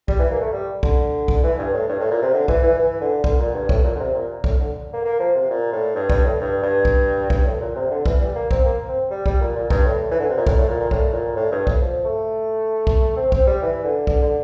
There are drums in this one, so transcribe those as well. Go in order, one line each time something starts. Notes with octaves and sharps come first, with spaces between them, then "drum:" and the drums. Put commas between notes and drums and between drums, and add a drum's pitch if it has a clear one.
G3, drum: kick
E3
A#3
A3
G3
D3, drum: kick
drum: kick
E3
G2
A2
G2
A2
A#2
C3
D3
E3, drum: kick
E3
E3
D3
D3, drum: kick
A#2
G2
A2, drum: kick
A#2
D3
C3
A#2
A2, drum: kick
D3
A#3
A#3
F3
C3
A#2
A2
G2
G2, drum: kick
A2
G2
G2
drum: kick
G2, drum: kick
A2
A#2
C3
D3
E3, drum: kick
G3
A#3
C4, drum: kick
A#3
C4
G3
G3, drum: kick
A#2
A#2
G2, drum: kick
A2
E3
D3
C3
A#2
A2, drum: kick
A2
A#2
A#2
A2, drum: kick
A#2
A2
G2
A2, drum: kick
F3
A3
drum: kick
C4
C4, drum: kick
G3
E3
D3
D3, drum: kick
D3